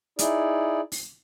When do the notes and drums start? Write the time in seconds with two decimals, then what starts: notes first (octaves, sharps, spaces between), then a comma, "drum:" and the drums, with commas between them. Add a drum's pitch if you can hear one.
0.19 D#4 E4 G#4 D5, drum: hi-hat
0.92 drum: open hi-hat